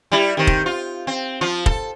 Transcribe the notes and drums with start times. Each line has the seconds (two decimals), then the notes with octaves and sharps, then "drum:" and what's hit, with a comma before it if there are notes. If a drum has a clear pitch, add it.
0.12 G3 E4
0.37 D#3 C4
0.47 drum: kick
0.66 F4
1.07 C4
1.41 F3 F4
1.66 A4, drum: kick